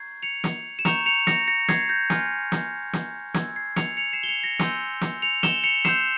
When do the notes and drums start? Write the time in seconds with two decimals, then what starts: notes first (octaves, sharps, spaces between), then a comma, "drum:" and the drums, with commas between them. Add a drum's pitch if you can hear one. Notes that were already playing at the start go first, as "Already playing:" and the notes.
Already playing: A#5 C#6 G6 G#6 C7
0.23 C#7 F7
0.44 drum: snare
0.79 E7
0.85 A#5 C#6 G6 C#7 F7, drum: snare
1.06 C#7 F7
1.27 A#6 C#7, drum: snare
1.48 A#6 C#7
1.68 G#6 C7, drum: snare
1.89 G6 A#6
2.10 G#5 C6 F6, drum: snare
2.52 drum: snare
2.93 drum: snare
3.34 C6 E6 G6 G#6, drum: snare
3.56 G#6 C7
3.76 C#7 F7, drum: snare
3.97 C#7 F7
4.13 C7 E7
4.23 G7
4.28 C#7 F7
4.44 A#6 C#7
4.59 G#5 C6 E6 G6, drum: snare
5.01 drum: snare
5.22 C#7 F7
5.43 E7 G7, drum: snare
5.64 C#7 F7
5.85 C6 E6 G6 C7 E7, drum: snare